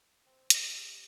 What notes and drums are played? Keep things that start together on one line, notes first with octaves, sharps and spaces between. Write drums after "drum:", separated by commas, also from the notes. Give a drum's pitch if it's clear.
C4
C#3 G4, drum: hi-hat